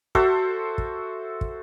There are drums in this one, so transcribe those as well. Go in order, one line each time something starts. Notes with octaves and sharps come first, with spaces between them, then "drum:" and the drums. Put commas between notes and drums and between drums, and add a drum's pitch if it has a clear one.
F#4 A4 C5 E5, drum: kick
drum: kick
drum: kick